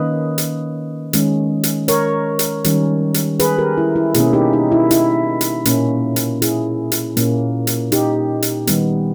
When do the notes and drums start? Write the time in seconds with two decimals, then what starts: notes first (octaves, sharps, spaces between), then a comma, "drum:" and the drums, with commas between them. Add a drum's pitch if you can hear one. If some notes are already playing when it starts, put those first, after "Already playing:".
Already playing: D#3 A#3 C#4 B4 D#5
0.38 drum: hi-hat
1.13 D#3 G#3 C#4, drum: hi-hat
1.63 drum: hi-hat
1.88 A#4 C#5, drum: hi-hat
2.39 drum: hi-hat
2.64 D#3 G3 C#4, drum: hi-hat
3.14 drum: hi-hat
3.39 G#4 B4, drum: hi-hat
3.58 G4 A#4
3.78 E4
3.96 E4
4.14 B2 A#3 C#4 E4 G#4, drum: hi-hat
4.33 D#4 G4
4.53 D#4
4.72 E4
4.91 E4, drum: hi-hat
5.41 drum: hi-hat
5.65 A#2 A#3 C#4, drum: hi-hat
6.16 drum: hi-hat
6.42 E4 G#4, drum: hi-hat
6.92 drum: hi-hat
7.17 A#2 A#3 C#4, drum: hi-hat
7.67 drum: hi-hat
7.92 D#4 G4, drum: hi-hat
8.42 drum: hi-hat
8.67 D#3 G3 B3, drum: hi-hat